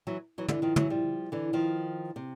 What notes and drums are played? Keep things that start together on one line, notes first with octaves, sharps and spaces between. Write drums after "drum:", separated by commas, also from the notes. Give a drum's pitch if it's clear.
E3 F#3
E3 F#3
D3 E3, drum: tom
D#3 F3
E3 F#3, drum: tom
F3 G3
D3 E3
D#3 F3
C3